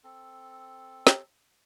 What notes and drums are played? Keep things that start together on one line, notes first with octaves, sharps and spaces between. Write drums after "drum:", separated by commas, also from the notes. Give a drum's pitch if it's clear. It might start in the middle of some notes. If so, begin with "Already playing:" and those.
C4 A4
drum: snare